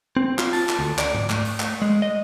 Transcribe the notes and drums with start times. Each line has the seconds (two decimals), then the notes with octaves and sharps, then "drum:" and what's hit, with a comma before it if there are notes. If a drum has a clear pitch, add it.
0.17 C4
0.39 F4, drum: clap
0.53 A5, drum: open hi-hat
0.69 drum: clap
0.79 D2
0.98 D5, drum: clap
1.15 drum: tom G#2
1.30 A3, drum: clap
1.45 drum: open hi-hat
1.60 drum: clap
1.82 G#3
2.02 D#5